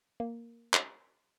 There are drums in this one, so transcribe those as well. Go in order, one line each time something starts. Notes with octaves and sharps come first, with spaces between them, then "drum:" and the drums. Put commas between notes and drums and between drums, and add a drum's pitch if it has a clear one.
A#3
drum: clap